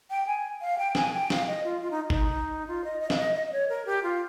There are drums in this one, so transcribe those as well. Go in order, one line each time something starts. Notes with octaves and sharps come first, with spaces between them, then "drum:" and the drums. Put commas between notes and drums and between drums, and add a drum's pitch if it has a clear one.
G5
G#5
F5
G5
G#5, drum: snare
G5
F5, drum: snare
D#5
F4
F4
D#4
D#4, drum: kick G1
F4
D#5
D#5
F5, drum: snare
D#5
D#5
D#5
C#5
A#4
G4
F4